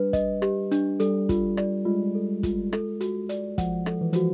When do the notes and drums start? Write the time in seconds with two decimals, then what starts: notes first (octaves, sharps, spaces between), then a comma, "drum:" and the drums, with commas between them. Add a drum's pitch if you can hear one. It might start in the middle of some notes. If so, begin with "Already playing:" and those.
Already playing: G3 D4 B4
0.13 D#5, drum: kick, hi-hat
0.42 G4, drum: rim click
0.71 D4, drum: hi-hat
1.00 G3 A4, drum: hi-hat
1.29 F4, drum: kick, hi-hat
1.57 D5, drum: rim click
1.85 G#3 F4
2.15 A4
2.43 F4, drum: kick, hi-hat
2.73 A4, drum: rim click
3.01 F#4, drum: hi-hat
3.29 D5, drum: hi-hat
3.58 F3 F#5, drum: kick, hi-hat
3.86 A4, drum: rim click
4.01 E3
4.13 F3 F#4, drum: hi-hat